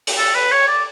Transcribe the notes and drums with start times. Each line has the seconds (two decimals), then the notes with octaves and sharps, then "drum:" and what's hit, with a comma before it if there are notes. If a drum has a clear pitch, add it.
0.07 drum: open hi-hat
0.18 A4
0.35 B4
0.51 C#5
0.67 D5